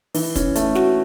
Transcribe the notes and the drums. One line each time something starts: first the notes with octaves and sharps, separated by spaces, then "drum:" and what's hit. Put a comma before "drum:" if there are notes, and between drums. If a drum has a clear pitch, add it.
E3, drum: open hi-hat
C#4, drum: kick, hi-hat
A3, drum: hi-hat
F#4, drum: snare